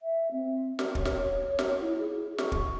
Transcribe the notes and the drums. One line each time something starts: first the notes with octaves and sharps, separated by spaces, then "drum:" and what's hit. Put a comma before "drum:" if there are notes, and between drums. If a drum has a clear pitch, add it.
E5
C4
drum: snare
C#5, drum: kick
drum: snare
drum: snare
E4
G#4
C#6, drum: snare
drum: kick